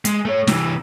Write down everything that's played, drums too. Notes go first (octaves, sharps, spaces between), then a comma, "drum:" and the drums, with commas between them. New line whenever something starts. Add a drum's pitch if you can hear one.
G#3, drum: hi-hat
A3 C#5
C3 E3, drum: snare